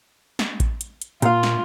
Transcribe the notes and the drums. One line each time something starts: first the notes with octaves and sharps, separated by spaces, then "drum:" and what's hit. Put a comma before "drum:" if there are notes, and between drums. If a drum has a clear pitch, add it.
drum: snare
drum: kick A1, hi-hat
drum: hi-hat
drum: hi-hat
A#2 F4 F5, drum: hi-hat
drum: snare